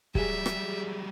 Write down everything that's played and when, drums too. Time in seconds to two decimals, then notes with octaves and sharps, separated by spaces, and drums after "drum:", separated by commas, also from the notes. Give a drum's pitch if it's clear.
0.15 F#3 G3 G4 G#4 E5, drum: kick
0.46 drum: rim click